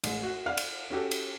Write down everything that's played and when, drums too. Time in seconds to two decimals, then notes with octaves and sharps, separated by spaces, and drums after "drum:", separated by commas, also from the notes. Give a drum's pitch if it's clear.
0.04 A1 G#3, drum: cymbal
0.23 F#4
0.46 D5 F5 F#5 F6
0.57 drum: cymbal
0.90 C#4 F#4 G4 A4
1.11 drum: cymbal